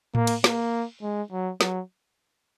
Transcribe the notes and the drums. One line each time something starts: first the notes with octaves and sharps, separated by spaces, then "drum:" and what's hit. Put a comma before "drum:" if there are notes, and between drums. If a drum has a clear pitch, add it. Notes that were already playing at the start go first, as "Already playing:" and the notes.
A#3, drum: tom A2
drum: cymbal
A#3, drum: snare
G#3
F#3
F#3, drum: snare